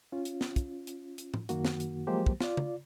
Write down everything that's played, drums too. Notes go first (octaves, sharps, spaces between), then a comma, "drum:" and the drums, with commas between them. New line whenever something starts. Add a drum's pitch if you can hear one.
C#4 F4
drum: hi-hat
drum: snare
drum: kick, hi-hat
drum: hi-hat
drum: hi-hat
drum: tom A2
F#2 D#3 A#3 F#4, drum: hi-hat
drum: snare
drum: hi-hat
F3 F#3 G#3 A#3 G4 C5
drum: kick
F4 D5, drum: snare
drum: tom